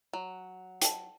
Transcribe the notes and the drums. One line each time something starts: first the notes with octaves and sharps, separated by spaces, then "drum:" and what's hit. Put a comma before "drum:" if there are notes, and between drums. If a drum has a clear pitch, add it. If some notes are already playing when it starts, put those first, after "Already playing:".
F#3
G5 A5, drum: hi-hat